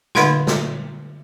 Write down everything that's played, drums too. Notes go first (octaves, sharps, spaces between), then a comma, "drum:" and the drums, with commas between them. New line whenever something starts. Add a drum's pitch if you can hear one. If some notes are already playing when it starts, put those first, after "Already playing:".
D3 D#4 B4 F5 F#5 C6, drum: snare
drum: snare